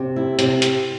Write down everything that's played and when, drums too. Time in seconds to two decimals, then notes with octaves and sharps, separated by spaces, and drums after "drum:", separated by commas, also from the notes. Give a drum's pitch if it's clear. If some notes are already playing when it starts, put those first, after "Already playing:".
Already playing: C3
0.16 E4
0.39 C3, drum: hi-hat
0.62 drum: hi-hat